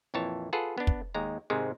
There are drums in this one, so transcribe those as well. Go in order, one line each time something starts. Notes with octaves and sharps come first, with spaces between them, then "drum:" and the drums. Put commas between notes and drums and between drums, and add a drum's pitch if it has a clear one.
F2 A#2 E3 C#5 A5
F4 G#4 A4 B4 F#5
B3 D4
drum: kick
D#2 G#3 A#5
G#2 C3 D#3 G#3